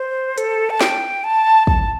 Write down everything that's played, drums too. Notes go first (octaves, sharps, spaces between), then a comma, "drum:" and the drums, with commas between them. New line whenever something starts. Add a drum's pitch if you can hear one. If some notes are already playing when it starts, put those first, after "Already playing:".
Already playing: C5
A4, drum: hi-hat
A5
G5, drum: snare
A5
A5, drum: kick